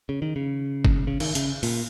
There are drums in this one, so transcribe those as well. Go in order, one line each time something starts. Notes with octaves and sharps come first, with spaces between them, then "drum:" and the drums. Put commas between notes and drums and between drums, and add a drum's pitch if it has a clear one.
C#3
D#3
C#3
drum: kick F#1
C#3
D#3, drum: cymbal
C#3, drum: hi-hat
A#2, drum: open hi-hat